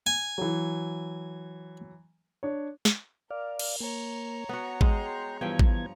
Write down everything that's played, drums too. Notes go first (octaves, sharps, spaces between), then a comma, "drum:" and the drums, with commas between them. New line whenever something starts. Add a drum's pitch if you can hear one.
G#5
E3 F#3
D4 C#5
drum: snare
A#4 D5 F5
drum: cymbal
A#3 C#5 A#5
B3 F#4
G#3 G5 C6, drum: kick
G2 E3 F3 B3 G5 G#6
drum: kick